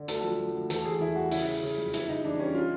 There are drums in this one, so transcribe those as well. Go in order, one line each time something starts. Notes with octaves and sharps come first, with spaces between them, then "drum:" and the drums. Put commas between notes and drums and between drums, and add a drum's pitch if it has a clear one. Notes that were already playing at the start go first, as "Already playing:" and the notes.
Already playing: D3
D2 A4, drum: hi-hat
F3
F3
D2
E2 A4, drum: hi-hat
E2 G#4
E2 E4
G3 F#4
C#3 E4, drum: open hi-hat
C#3
C#3
F2
G3 E4, drum: hi-hat
C#3 D#4
E3 D4
G3 C#4
F4